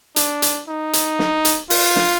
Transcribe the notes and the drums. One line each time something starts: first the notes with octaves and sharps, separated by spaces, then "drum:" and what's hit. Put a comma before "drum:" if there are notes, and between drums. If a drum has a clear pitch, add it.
D4, drum: hi-hat
drum: hi-hat
D#4
drum: hi-hat
drum: snare
drum: hi-hat
F4, drum: open hi-hat
drum: snare